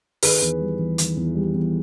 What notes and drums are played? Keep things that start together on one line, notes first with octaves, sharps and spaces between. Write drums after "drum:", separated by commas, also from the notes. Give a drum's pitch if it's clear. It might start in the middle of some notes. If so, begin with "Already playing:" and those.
D#3 G#4 B4, drum: open hi-hat
E2
G3
E2
D#3, drum: hi-hat
E2
G3
E2